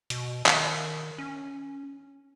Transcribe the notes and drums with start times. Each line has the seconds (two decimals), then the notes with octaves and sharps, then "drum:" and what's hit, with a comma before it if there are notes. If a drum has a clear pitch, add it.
0.10 B2, drum: hi-hat
0.46 D#3, drum: clap
1.18 C#4